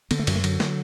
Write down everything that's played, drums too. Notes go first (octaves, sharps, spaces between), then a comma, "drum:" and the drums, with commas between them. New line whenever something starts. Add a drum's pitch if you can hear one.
D3 B3, drum: cymbal
A3
F#2 F#3, drum: cymbal
A3
D3 F#3, drum: cymbal
drum: snare